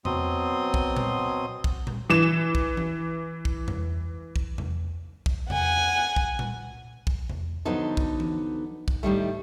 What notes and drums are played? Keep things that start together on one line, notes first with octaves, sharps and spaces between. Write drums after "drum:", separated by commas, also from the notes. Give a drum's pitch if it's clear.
B2 F#3 C4 C6 D#6, drum: tom E2
drum: kick
drum: tom A#2
drum: kick
drum: tom A#2
E3 E7
drum: kick
drum: tom E3
drum: kick
drum: tom E2
drum: kick
drum: tom E2
drum: kick
F#5 G#5, drum: tom E2
drum: kick
drum: tom A#2
drum: kick
drum: tom E2
D3 F3 F#3 B3 D#4 A4
drum: kick
drum: tom E3
drum: kick
A2 D#3 G3 A3